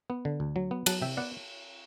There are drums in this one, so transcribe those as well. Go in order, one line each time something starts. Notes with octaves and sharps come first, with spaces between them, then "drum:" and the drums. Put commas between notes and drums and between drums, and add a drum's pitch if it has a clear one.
B3
D3
D2
F#3
B3
F#3 F#5 A5, drum: cymbal
C3 E5 G5
B3 D5 F#5